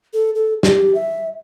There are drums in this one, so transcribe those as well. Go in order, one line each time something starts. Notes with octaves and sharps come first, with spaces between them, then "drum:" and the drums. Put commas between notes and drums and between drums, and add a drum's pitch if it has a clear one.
A4
A4
G4, drum: snare
E5